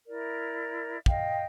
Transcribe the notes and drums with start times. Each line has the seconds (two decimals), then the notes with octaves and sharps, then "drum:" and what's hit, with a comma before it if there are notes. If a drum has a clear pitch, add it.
0.07 E4 A#4 D5
1.06 D#5 F5 G5, drum: kick